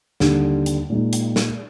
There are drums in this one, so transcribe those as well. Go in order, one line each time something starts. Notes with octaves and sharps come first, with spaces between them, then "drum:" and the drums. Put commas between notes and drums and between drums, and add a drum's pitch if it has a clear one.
D#2 D3 G3, drum: snare
drum: hi-hat
A#2 G#3 D#4
drum: hi-hat
drum: snare